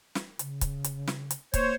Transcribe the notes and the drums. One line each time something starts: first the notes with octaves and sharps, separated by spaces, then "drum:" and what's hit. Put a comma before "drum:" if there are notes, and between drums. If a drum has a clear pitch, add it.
drum: snare
C#3, drum: hi-hat
drum: kick C#1, hi-hat
drum: hi-hat
drum: snare
drum: hi-hat
A#3 C5 C#5, drum: kick C#1, hi-hat